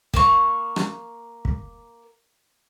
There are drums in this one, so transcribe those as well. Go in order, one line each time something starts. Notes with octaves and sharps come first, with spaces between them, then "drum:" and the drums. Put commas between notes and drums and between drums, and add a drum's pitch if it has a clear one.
A#3 F5 C#6, drum: kick
drum: rim click
drum: kick